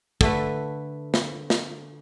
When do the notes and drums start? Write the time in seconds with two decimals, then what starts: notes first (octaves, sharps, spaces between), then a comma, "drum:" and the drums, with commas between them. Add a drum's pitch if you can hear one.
0.21 D3 A3 B4, drum: kick
1.14 drum: snare
1.50 drum: snare